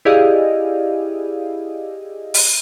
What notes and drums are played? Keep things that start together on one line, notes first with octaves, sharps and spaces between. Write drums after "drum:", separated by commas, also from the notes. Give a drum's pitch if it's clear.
E4 G4 G#4 D5 D#5 F5
drum: open hi-hat